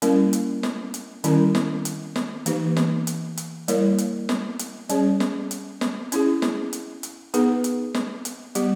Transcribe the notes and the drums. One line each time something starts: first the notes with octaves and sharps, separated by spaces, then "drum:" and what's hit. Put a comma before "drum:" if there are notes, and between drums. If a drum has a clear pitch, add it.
G3 A#3 C#4 E4 A#4, drum: hi-hat
drum: hi-hat
drum: snare
drum: hi-hat
D#3 G3 C#4 E4 A#4, drum: hi-hat
drum: snare
drum: hi-hat
drum: snare
E3 A#3 D#4 G4 B4, drum: hi-hat
drum: snare
drum: hi-hat
drum: hi-hat
G3 A#3 E4 A#4 C#5, drum: hi-hat
drum: hi-hat
drum: snare
drum: hi-hat
G3 C#4 G#4 C#5, drum: hi-hat
drum: snare
drum: hi-hat
drum: snare
C#4 E4 G#4, drum: hi-hat
drum: snare
drum: hi-hat
drum: hi-hat
B3 D#4 G#4 B4, drum: hi-hat
drum: hi-hat
drum: snare
drum: hi-hat
G3 B3 G4, drum: hi-hat